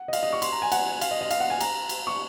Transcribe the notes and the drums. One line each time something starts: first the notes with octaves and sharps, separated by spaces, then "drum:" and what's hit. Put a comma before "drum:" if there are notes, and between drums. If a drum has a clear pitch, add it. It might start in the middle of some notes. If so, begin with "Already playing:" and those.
Already playing: F#5
D#5
F5, drum: cymbal
D#5
C#6
C6, drum: cymbal
A#5
G#5
F#5, drum: cymbal
F5, drum: cymbal
D#5
D#5
F5, drum: cymbal
F#5
G#5
A#5, drum: cymbal
drum: cymbal
C#6